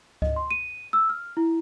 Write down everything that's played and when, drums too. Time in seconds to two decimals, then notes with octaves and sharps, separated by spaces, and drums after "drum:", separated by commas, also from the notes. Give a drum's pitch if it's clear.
0.22 D#5, drum: kick C#2
0.36 C6
0.51 D#7
0.93 E6
1.10 F6
1.37 E4